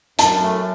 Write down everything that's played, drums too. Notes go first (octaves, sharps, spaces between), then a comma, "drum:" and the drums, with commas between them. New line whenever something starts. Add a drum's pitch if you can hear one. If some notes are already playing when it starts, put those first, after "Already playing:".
F#2 A5, drum: hi-hat
A3